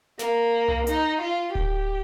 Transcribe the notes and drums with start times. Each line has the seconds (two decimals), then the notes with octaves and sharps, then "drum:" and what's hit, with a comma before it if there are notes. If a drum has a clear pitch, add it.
0.19 A#3, drum: snare
0.68 drum: tom C2
0.87 D#4, drum: hi-hat
1.21 F4
1.55 G4, drum: kick D1